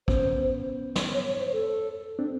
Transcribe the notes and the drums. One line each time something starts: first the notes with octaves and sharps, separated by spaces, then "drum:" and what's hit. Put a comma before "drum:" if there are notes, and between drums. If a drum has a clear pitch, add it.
B3 C#4 C5, drum: kick
drum: snare
C#5
C#5
C5
A4
C4 D4